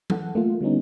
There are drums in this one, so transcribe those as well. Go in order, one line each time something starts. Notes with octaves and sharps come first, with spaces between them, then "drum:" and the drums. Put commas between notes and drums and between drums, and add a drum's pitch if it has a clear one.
E3 A4 F#5, drum: tom F#3
A3 A#3 F4
D3 G3 B3 C#4 D#4